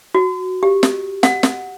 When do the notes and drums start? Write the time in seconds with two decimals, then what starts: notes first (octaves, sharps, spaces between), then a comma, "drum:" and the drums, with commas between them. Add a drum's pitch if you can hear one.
0.15 F#4
0.63 G4
0.83 drum: snare
1.23 F#5, drum: snare
1.43 drum: snare